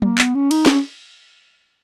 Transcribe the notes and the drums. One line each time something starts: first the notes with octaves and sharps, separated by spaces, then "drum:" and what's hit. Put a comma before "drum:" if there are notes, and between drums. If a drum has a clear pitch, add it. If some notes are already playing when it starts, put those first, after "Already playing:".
A#3, drum: tom F#3
B3, drum: clap
C#4
D#4, drum: cymbal
C#4, drum: snare